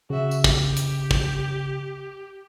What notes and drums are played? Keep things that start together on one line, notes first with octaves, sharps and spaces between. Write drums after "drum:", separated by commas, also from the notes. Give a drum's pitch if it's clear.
C#3 F#4 E5
drum: tambourine
G4, drum: kick
drum: hi-hat
drum: kick